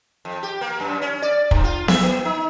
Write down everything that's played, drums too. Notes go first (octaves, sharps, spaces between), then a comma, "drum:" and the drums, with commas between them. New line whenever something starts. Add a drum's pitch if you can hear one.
F2
G4
A#3
F#2
C#4
D5
G2, drum: kick
F4
E5, drum: snare B3
A#3
D#4